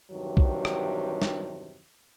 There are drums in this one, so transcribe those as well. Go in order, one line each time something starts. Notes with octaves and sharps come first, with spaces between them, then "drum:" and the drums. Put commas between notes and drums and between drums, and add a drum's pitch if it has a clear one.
E2 G2 C3 D#3 F#3
drum: kick B1
drum: rim click
drum: snare